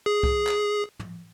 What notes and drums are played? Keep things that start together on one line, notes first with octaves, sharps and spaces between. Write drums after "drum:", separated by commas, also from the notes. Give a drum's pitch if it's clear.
G#4
drum: kick C2
drum: clap
drum: tom